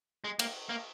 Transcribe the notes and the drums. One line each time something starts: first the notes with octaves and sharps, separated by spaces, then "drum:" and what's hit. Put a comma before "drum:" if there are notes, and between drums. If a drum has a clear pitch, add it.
G#3
A#3, drum: cymbal
A#3